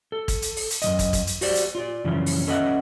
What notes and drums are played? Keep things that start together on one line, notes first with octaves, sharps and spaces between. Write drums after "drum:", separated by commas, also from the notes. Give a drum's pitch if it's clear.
A4
drum: kick, hi-hat
drum: hi-hat
drum: open hi-hat
drum: hi-hat
F#2 D#3 D#5, drum: hi-hat
drum: kick, hi-hat
drum: kick, hi-hat
drum: hi-hat
F#4 G4 C5 D5, drum: open hi-hat
drum: hi-hat
F4 D5
F#2 C#3 E3 F3 C#4
drum: open hi-hat
C#4 A4 B4 D#5 E5 F#5